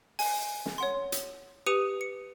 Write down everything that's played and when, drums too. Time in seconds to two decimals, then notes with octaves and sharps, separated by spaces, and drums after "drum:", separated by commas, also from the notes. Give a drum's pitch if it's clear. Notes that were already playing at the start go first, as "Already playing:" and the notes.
0.19 G#5, drum: open hi-hat
0.66 drum: snare
0.78 C#5 F#5 C6
1.12 drum: hi-hat
1.66 G4 B4 D#6 C#7 D#7 F7
2.01 C#7